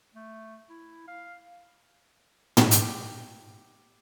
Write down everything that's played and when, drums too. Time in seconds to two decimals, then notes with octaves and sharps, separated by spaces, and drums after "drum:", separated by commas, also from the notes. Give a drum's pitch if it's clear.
0.15 A3
0.70 E4
1.08 F5
2.57 drum: tom
2.71 G4, drum: hi-hat